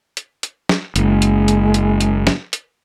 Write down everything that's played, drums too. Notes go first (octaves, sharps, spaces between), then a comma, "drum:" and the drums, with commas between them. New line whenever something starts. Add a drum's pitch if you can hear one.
drum: hi-hat
drum: hi-hat
drum: snare
F#1 G#3, drum: hi-hat
drum: hi-hat
drum: hi-hat
drum: hi-hat
drum: hi-hat
drum: snare
drum: hi-hat